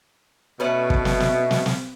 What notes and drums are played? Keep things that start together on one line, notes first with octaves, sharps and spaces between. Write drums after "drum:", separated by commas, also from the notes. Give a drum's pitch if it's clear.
B2 A3 C#4 B4
drum: kick
drum: snare
drum: snare
drum: snare
drum: snare